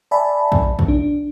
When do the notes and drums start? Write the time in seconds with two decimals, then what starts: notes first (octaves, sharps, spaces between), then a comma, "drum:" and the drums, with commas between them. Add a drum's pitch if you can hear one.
0.11 D5 E5 G#5 A5 B5
0.52 drum: kick
0.79 drum: kick
0.88 D4